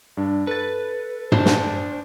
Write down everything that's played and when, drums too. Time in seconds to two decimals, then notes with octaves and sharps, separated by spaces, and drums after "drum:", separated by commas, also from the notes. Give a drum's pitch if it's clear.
0.17 G2 D4
0.47 A4 B4 A6
1.32 D4 C5, drum: tom
1.45 drum: snare